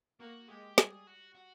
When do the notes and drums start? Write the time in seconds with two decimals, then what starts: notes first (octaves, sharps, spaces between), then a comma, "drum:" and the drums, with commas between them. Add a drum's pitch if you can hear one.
0.20 A#3 F#4
0.48 G#3 G4
0.78 G3 G#4, drum: snare
1.07 F#4
1.35 F#4